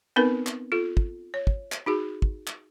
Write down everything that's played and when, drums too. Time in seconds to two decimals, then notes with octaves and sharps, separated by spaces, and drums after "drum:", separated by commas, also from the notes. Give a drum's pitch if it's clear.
0.16 B3 C4 D#4 A#4 B4
0.47 drum: clap
0.72 F4 A4
0.97 drum: kick
1.34 C#5
1.47 drum: kick
1.72 drum: clap
1.86 D#4 F#4 G#4
2.22 drum: kick
2.47 drum: clap